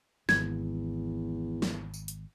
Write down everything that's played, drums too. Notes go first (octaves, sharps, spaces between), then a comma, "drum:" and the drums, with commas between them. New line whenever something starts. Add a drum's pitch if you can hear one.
G#1 E2 G#6, drum: snare
drum: snare
drum: tambourine
drum: hi-hat